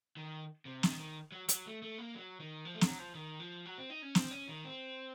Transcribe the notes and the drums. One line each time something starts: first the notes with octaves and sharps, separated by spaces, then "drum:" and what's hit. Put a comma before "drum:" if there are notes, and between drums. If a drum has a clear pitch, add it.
D#3
C3
D#3, drum: snare
D#3
F#3
F#3, drum: hi-hat
A3
A3
A#3
F#3
D#3
F3
A3
F#3, drum: snare
F3
D#3
F3
F#3
C4
D#4
C#4
C4, drum: snare
C#4
D#3
C4